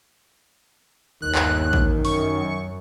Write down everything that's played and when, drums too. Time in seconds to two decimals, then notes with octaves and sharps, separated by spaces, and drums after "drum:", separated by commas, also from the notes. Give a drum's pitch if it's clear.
1.22 G1 D#2 D#3 F#6
1.35 drum: clap
1.73 drum: kick A1
2.05 F#2 C#6, drum: open hi-hat